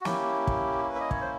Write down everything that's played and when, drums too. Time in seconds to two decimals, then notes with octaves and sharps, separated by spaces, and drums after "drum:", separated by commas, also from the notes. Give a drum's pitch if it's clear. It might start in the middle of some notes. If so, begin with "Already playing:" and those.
0.01 F#4
0.05 A#3 C#4 E4 G4, drum: snare
0.47 drum: kick
0.90 B4
0.95 E5
1.00 D#5
1.11 C#5, drum: kick
1.21 C5